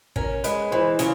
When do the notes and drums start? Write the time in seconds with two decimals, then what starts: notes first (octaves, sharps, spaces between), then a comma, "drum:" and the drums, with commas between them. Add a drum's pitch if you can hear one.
0.16 C#4 A#4, drum: kick
0.44 G#3 B4, drum: hi-hat
0.71 E3 C5
0.99 C#3, drum: hi-hat